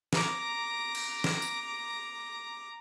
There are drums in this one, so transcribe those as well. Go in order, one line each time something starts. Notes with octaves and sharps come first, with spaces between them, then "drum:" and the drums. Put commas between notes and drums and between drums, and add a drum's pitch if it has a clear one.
A#5 D6, drum: snare
drum: cymbal
drum: snare
drum: tambourine